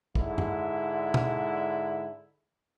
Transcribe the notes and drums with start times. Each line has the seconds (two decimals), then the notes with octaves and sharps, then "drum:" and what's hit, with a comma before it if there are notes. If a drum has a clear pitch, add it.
0.15 G#2 D3 E4, drum: kick A#1
0.38 drum: tom F#2
1.14 drum: tom B2